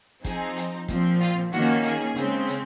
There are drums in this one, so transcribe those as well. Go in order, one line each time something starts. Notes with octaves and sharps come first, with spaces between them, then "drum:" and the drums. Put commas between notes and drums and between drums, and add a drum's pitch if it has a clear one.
F3 C4 D#4 G#4, drum: kick, hi-hat
drum: hi-hat
A#2 F3 C4, drum: kick, hi-hat
F4, drum: hi-hat
D#3 A#3 C#4 F#4, drum: hi-hat
G#4, drum: hi-hat
C#3 G#3 C4, drum: hi-hat
drum: hi-hat